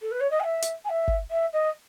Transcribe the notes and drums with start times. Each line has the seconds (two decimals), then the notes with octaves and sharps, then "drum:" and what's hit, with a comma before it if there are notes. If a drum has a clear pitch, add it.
0.02 A4
0.11 B4
0.20 C#5
0.30 D#5
0.40 G#5
0.44 E5
0.62 drum: hi-hat
0.84 G#5
0.89 E5
1.08 drum: kick G1
1.30 E5
1.53 D#5